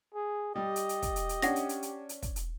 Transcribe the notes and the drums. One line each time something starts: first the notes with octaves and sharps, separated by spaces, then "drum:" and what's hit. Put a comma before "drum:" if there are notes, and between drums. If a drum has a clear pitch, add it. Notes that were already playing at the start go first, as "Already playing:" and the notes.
G#4
G3 G4 D#5
drum: hi-hat
drum: hi-hat
drum: kick, hi-hat
drum: hi-hat
drum: hi-hat
C#4 D4 F#5 A#6, drum: hi-hat
drum: hi-hat
drum: hi-hat
drum: hi-hat
drum: hi-hat
drum: kick, hi-hat
drum: hi-hat